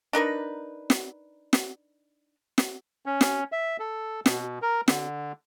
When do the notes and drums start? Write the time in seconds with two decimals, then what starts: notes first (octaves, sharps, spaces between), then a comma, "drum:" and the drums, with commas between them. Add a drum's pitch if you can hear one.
0.13 D4 D#4 A#4 B4
0.90 drum: snare
1.53 drum: snare
2.58 drum: snare
3.06 C#4
3.21 drum: snare
3.52 E5
3.80 A4
4.26 B2, drum: snare
4.62 A#4
4.88 D3, drum: snare